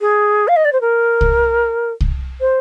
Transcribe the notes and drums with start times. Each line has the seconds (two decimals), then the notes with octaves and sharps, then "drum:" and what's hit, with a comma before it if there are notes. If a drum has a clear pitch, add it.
0.01 G#4
0.48 F5
0.56 D#5
0.65 D5
0.73 C5
0.81 A#4
1.21 drum: kick C2
2.01 drum: kick C2
2.41 C5